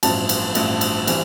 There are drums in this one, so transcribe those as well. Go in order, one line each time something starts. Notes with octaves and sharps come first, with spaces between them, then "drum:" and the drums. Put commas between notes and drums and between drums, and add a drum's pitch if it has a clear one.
A1 G2 F3 A3 C4 A5, drum: cymbal
drum: cymbal
A1 G2 F3 A3 C4, drum: cymbal
drum: cymbal
E3 G3 C4, drum: cymbal